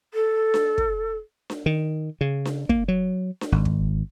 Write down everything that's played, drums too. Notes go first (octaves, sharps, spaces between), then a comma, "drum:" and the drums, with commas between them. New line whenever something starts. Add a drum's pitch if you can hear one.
A4
drum: snare D4
drum: kick
drum: snare D4
D#3
C#3
drum: snare D4
A#3, drum: kick
F#3
drum: snare D4
G#1
drum: kick